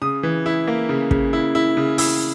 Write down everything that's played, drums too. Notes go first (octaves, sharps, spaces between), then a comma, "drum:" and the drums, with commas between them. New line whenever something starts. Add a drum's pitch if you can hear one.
C#3 D#6
E3
E4
A#3
C#3
C#3, drum: kick
E4
E4
C#3
E4 E6, drum: open hi-hat